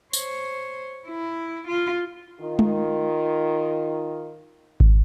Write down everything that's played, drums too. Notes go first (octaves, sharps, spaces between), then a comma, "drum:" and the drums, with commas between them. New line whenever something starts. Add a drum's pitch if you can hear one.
C5 C#5, drum: tambourine
E4
F4
D#3 F4
drum: tom G#3
drum: kick G#1